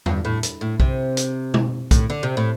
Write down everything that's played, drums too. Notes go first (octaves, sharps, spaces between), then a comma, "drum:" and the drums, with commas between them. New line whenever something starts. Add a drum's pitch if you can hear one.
G2, drum: tom E2
A2
drum: hi-hat
A2
C3, drum: kick B1
drum: hi-hat
drum: tom B2
A2, drum: kick B1, hi-hat
D3
C3
A2